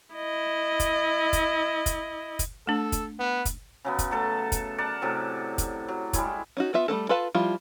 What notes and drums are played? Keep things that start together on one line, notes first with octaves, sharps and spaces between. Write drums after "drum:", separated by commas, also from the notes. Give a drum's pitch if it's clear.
E4 D#5
drum: kick, hi-hat
drum: kick, hi-hat
drum: kick, hi-hat
drum: kick, hi-hat
A3 D4 A4
drum: kick, hi-hat
B3
drum: kick, hi-hat
C#3 F#3 B3
drum: kick, hi-hat
F#3 A3 A4 A5
drum: kick, hi-hat
A#4 D5 F#5 A5
A2 C3 F#3
drum: kick, hi-hat
F#3
G3 G#3 E4 C#5, drum: kick, hi-hat
C#4 D#4 F#4
B3 F4 E5
G3 A3 C#4 A4
F4 A4 B4 F5 A5
F3 G3 E4 F4